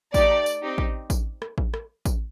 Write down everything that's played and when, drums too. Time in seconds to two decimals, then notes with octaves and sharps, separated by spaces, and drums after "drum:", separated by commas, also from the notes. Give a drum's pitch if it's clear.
0.14 A3 D#4 G4 D5, drum: kick A1, tambourine
0.46 drum: tambourine
0.62 C4 D#4 G4
0.78 drum: kick A1
1.10 drum: kick A1, tambourine
1.42 drum: rim click
1.58 drum: kick A1
1.74 drum: rim click
2.05 drum: kick A1, tambourine